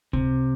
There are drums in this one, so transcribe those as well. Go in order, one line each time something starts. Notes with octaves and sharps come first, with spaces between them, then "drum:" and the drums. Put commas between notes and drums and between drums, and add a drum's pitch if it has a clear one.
C3, drum: kick C#2